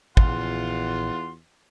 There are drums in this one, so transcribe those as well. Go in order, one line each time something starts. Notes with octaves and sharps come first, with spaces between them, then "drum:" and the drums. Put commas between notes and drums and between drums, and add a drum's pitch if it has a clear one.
A#1 E2 A#2 C#3 F4 F#5 C6, drum: kick